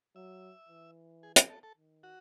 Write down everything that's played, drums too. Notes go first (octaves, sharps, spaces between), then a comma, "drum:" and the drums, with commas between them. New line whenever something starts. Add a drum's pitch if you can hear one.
F#3 E5
E3
G#4
G#4, drum: hi-hat
A4
A4
D#3
F#4